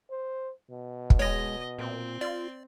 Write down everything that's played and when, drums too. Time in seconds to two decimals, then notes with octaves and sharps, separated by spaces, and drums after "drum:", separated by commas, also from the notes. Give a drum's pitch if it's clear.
0.11 C5
0.70 B2
1.10 drum: kick
1.19 G#3 C#5 D#5 A#6
1.78 A#2 C4
2.21 F4 D5